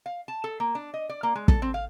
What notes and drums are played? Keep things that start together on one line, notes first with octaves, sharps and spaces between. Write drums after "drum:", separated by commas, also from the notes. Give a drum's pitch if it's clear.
F5
A5
A4
A#3
D4
D#5
D5
A#3
G#3
A4, drum: kick
C4
F5